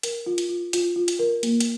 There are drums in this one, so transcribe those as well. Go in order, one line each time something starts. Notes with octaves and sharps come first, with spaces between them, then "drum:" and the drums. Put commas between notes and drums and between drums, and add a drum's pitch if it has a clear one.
A#4, drum: hi-hat
F4
drum: hi-hat
F4
F4, drum: hi-hat
F4
drum: hi-hat
A#4
A#3, drum: hi-hat
drum: hi-hat